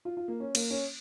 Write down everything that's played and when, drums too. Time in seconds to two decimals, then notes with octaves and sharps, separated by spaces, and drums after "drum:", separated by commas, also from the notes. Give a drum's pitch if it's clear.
0.05 F4
0.17 F4
0.28 A#3
0.40 C#4
0.55 A#3, drum: cymbal
0.70 C#4